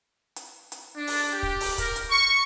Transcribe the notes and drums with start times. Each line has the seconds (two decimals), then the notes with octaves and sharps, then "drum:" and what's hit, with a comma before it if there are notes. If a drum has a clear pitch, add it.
0.36 drum: hi-hat
0.72 drum: hi-hat
0.97 D4
1.07 drum: open hi-hat
1.33 G4
1.43 drum: kick
1.60 drum: open hi-hat
1.78 A#4, drum: kick, hi-hat
1.96 drum: hi-hat
2.10 C#6